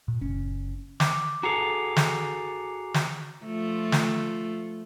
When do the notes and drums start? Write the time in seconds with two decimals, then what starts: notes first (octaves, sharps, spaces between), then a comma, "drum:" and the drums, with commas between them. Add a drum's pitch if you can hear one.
0.08 A#2
0.21 F#1 C#4
1.00 D6, drum: snare
1.43 F#4 G#4 A4 A#5 C7 F7
1.96 drum: snare
2.94 drum: snare
3.43 F3 A3 F4
3.92 drum: snare